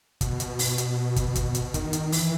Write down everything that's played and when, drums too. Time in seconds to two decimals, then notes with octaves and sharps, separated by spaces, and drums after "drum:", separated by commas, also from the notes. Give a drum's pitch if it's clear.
0.21 B2, drum: kick, hi-hat
0.40 drum: hi-hat
0.59 drum: open hi-hat
0.78 drum: hi-hat
1.16 drum: kick, hi-hat
1.35 drum: kick, hi-hat
1.55 drum: hi-hat
1.74 D#3, drum: kick, hi-hat
1.93 drum: hi-hat
2.12 E3, drum: open hi-hat